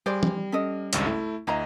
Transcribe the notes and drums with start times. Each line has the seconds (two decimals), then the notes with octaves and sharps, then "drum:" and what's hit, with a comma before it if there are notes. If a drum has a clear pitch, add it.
0.06 G3 G#4 C5 D5
0.23 drum: tom
0.52 C#4 A4 D#5
0.93 G#1 C#2 G2, drum: hi-hat
1.06 A3 E4
1.47 D2 E4 D#5 F5 A#5